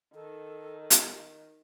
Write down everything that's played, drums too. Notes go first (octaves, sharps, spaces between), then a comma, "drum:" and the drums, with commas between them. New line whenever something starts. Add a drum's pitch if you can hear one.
D#3 A4
drum: hi-hat